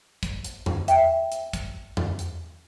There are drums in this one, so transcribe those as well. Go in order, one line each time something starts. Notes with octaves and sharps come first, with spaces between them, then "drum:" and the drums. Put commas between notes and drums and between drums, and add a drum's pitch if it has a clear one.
drum: kick, hi-hat
drum: hi-hat
drum: tom E2
E5 G5, drum: hi-hat
drum: hi-hat
drum: kick, hi-hat
drum: tom E2
drum: hi-hat